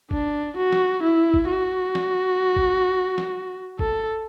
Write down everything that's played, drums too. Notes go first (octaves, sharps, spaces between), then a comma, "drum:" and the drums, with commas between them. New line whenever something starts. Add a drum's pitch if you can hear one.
D4, drum: kick
F#4
drum: snare
E4
drum: kick
F#4
drum: snare
drum: kick
drum: snare
A4, drum: kick